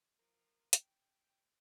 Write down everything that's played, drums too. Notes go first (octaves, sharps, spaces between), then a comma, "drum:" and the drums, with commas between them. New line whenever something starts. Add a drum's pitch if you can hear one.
F3 A#4
G5, drum: hi-hat